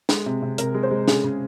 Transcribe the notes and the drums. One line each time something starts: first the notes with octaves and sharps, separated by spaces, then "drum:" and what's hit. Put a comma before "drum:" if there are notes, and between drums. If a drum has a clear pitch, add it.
G#3, drum: snare
C3
C3
C3 A#4, drum: hi-hat
G#3
C5
G#3
C#3 G#4, drum: snare
C#3